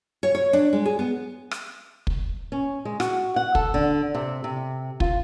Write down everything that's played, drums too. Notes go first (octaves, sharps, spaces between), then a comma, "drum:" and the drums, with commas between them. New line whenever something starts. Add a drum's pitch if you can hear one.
C#5
C#5
D4
G#3
G#4
B3
drum: rim click
drum: kick
C#4
G#3
F#4, drum: rim click
F#5
A4, drum: kick
D3
C3
C3
F4, drum: kick